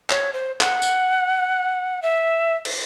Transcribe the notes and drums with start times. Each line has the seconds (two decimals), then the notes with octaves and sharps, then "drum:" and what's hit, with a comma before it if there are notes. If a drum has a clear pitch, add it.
0.10 C#5, drum: clap
0.33 C5
0.61 F#5, drum: clap
0.82 drum: tambourine
2.03 E5
2.65 drum: cymbal